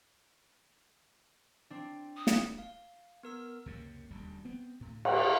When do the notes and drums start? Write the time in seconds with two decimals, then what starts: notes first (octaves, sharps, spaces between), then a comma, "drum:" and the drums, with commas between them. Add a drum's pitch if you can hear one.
1.70 C4 D4
2.16 D#6
2.27 drum: snare
2.58 F5
3.23 B3 A#4 E6
3.66 C#2 F#2 C3 A#3
4.10 D#1 D2 G3
4.45 B3 C4
4.80 D2 A2
5.05 drum: cymbal